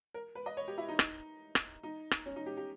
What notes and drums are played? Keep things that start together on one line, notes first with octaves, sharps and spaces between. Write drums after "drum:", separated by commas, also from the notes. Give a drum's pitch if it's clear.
A#4
B4
D#5
C#5
G4
E4
D#4
drum: rim click
drum: rim click
D#4
drum: rim click
C#4
D#4
G4
G4